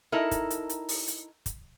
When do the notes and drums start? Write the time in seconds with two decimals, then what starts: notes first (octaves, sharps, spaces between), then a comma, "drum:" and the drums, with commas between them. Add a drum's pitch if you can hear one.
0.12 D#4 E4 A4 A#4
0.31 drum: kick, hi-hat
0.50 drum: hi-hat
0.69 drum: hi-hat
0.89 drum: open hi-hat
1.08 drum: hi-hat
1.46 drum: kick, hi-hat